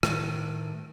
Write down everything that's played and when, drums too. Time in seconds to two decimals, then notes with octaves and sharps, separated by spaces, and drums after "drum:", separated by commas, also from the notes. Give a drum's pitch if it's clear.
0.03 A2 D#3, drum: rim click